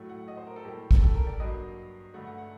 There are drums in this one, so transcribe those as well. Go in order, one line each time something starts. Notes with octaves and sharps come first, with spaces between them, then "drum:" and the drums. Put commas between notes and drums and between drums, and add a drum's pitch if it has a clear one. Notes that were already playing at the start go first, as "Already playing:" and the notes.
Already playing: A2 F#3 A3
F#5
D#5
C5
A#4
A4
A2 G3 A#3 G4
A4, drum: kick A1
G4
A#4
D5
G2 F#3 A#3 D#5
G2 D3 A3 F#5
F#5
F#5